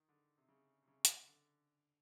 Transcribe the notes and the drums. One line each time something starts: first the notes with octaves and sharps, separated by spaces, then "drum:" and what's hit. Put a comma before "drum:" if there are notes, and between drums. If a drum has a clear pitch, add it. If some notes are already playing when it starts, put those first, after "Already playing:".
Already playing: D#3
D3
C3
C#3
C3
C#3
drum: hi-hat
D3